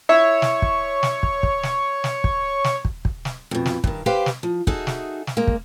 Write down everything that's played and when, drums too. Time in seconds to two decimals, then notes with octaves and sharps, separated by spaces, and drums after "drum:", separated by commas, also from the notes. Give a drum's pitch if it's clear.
0.09 E4 C#5 E5
0.42 drum: snare
0.62 drum: kick
1.03 drum: snare
1.23 drum: kick
1.43 drum: kick
1.63 drum: snare
2.04 drum: snare
2.24 drum: kick
2.64 drum: snare
2.85 drum: kick
3.05 drum: kick
3.25 drum: snare
3.51 F2 B2
3.66 drum: snare
3.84 G2 D#3, drum: kick
4.06 G4 B4 C5 F5 G5
4.26 drum: snare
4.43 F3
4.67 D#4 F#4 G#4 A4 E5, drum: kick
4.87 drum: snare
5.27 drum: snare
5.37 G#3 A#3
5.47 drum: kick